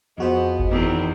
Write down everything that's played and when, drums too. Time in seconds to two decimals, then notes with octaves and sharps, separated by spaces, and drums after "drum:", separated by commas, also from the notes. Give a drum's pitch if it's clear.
0.18 F2 F3 B3 F#4 G#4 C5 D#5
0.59 drum: kick G1
0.70 E2 D#3 B3 C4 D#4